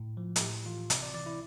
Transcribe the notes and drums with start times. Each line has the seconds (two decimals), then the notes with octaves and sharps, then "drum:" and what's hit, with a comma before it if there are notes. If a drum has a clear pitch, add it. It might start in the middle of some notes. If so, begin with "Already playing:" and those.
Already playing: A2
0.17 F3
0.36 A4, drum: hi-hat
0.41 A2 G4
0.66 E3 F4
0.90 C3 D5, drum: hi-hat
1.02 D5
1.14 E3 D5
1.26 E4